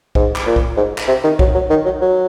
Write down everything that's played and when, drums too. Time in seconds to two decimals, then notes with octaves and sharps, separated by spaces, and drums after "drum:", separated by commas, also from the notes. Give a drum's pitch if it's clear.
0.15 G#2, drum: kick
0.36 drum: clap
0.46 A#2
0.56 drum: kick
0.77 G#2
0.98 drum: clap
1.08 C3
1.24 D#3
1.39 F#3, drum: kick
1.55 F#3
1.70 D#3
1.85 F#3
2.01 F#3